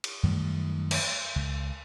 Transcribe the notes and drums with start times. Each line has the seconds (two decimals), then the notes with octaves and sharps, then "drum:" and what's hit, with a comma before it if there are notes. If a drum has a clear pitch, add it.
0.04 drum: cymbal
0.23 F#2 D#3 G3 A3
0.91 drum: cymbal
1.36 C#2